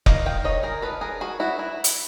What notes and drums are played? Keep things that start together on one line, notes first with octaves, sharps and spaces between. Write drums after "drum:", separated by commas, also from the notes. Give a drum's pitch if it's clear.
D#3 D#5 F5, drum: kick F1
F5 G5
D#3 C#5 D#5
G#4 A#4
D#3 A4 B4
G#4 A#4
D#3 F#4 G#4
E4 F#4
E3 E4
drum: hi-hat